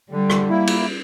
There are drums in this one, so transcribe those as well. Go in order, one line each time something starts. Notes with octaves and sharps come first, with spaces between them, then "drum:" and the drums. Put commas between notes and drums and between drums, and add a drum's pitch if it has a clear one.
D3 G3
drum: rim click
A#3 E4
drum: cymbal